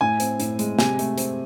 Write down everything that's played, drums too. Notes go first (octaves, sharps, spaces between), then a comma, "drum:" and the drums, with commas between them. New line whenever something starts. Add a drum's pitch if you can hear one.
A2 G#5
C4, drum: hi-hat
A2, drum: hi-hat
G#3, drum: hi-hat
C3 G#5, drum: snare
A3, drum: hi-hat
C4, drum: hi-hat